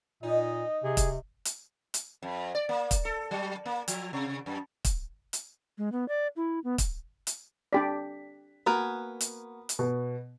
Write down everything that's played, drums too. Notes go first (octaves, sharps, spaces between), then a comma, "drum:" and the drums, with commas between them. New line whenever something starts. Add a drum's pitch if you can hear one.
A#2 D#4 D#5
C3 G#4
drum: kick, hi-hat
drum: hi-hat
drum: hi-hat
F2
D5
A#3
drum: kick, hi-hat
A4
F#3
A#3
F3, drum: hi-hat
C3
F#2
drum: kick, hi-hat
drum: hi-hat
G#3
B3
D5
E4
B3
drum: kick, hi-hat
drum: hi-hat
D4 G4 D5 B6
A#3 B3 F#4 A#4 G#5
drum: hi-hat
drum: hi-hat
B2